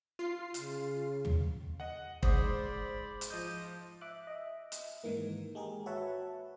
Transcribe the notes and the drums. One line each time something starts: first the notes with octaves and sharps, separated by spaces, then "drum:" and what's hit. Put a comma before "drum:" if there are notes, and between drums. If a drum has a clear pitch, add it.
F4 C7
C#3, drum: hi-hat
drum: tom
D#5 F#5
G#2 C5 D5 B5 C#6 D#6, drum: kick
drum: hi-hat
F3 D#5 G6
E5 D6 F#6
D#5 E5
drum: hi-hat
G#2 D#3 E3 A#3
G#3 G4 G#4 A#4
F#4 B4 C#5 E5 F#5 A5